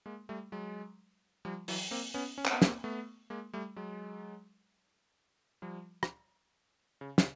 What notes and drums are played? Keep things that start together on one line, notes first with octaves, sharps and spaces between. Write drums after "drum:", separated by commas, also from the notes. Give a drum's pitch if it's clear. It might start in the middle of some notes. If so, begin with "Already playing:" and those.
G#3 A#3
G3 A3
F#3 G#3
F3 G3
E3 F#3, drum: open hi-hat
A#3 C4
B3 C#4
C#4
C4, drum: clap
B3
A#3 C4, drum: snare
A3 B3
G#3 A#3
G3 A3
F#3 G#3
F3 G3
drum: rim click
C#3
C#3, drum: snare